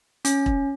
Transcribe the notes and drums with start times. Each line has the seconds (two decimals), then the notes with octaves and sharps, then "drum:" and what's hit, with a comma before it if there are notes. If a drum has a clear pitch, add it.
0.25 C#4, drum: hi-hat
0.46 drum: kick E1